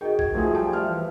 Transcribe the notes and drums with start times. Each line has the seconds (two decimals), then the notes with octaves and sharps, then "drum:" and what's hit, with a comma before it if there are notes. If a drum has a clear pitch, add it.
0.01 D#3 F#4 G#4 D#5 G5
0.19 G#6, drum: kick A1
0.34 F3 F#3 A3 F4 G#4
0.55 G3 G5 A5
0.73 E5 F6
0.87 E3